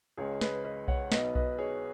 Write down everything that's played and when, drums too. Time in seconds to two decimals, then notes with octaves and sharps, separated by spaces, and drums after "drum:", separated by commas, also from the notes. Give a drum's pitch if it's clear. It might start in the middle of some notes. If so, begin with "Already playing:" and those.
0.17 C#2 C#3 G#3 G#4 C#5
0.41 B4 D#5, drum: snare
0.65 B4 D#5
0.88 C#5 F#5, drum: kick B1
1.12 B1 B2 B3 D#4 B4 D#5, drum: snare
1.35 B4 D#5, drum: kick B1
1.58 G#4 C#5